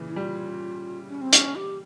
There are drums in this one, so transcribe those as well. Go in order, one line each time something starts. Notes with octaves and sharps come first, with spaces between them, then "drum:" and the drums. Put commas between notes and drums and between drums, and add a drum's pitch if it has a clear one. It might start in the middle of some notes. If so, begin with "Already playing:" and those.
Already playing: A#2 C#3 E3
E4
G3 F4
C#4
C4
C#4, drum: hi-hat
G4